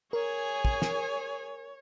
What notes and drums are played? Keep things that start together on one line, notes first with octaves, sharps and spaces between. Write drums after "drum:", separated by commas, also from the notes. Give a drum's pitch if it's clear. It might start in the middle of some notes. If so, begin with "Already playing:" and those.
G#4 A#4 C#5 G#5
drum: kick
drum: snare